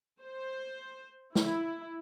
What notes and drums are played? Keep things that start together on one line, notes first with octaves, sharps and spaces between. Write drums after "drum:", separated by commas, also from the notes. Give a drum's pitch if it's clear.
C5
E4, drum: snare